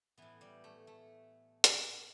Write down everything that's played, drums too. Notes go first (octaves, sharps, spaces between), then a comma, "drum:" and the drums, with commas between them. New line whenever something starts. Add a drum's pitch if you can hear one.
A2 E3 B3
G3
A3
A3
drum: hi-hat